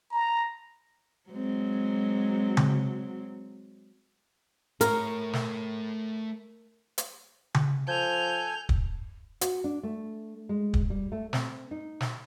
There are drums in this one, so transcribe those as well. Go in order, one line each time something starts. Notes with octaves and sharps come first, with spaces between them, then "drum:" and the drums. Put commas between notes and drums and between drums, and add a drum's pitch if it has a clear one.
A#5
F#3 G#3 C4
drum: tom C#3
A3 A#4 C#5, drum: hi-hat
drum: snare
drum: hi-hat
drum: tom C#3
F3 A4 G#5 G6 F7
drum: kick
F#4, drum: hi-hat
D4
A3
G#3
drum: kick
G3
A3
C4, drum: snare
D#4
drum: snare